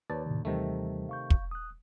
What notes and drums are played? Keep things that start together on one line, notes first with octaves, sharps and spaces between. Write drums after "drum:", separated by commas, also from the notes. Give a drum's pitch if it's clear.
D#2 B4 C#5 D5 A5
A2 C3 D#3
D#2 C3 D#3 E3 G3 A3
F5 C#6 G6
drum: kick
D#6 F#6